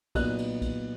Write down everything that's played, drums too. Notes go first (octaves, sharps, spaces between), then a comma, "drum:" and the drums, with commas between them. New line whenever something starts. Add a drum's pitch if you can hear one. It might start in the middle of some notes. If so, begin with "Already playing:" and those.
A#2 F#3 B3 D#4 F#6, drum: kick B1, cymbal
drum: cymbal
drum: kick B1, cymbal